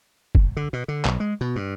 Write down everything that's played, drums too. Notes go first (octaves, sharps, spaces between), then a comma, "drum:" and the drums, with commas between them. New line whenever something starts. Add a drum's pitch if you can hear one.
drum: kick
D3
B2
D3
B1, drum: clap
G#3
B2
G2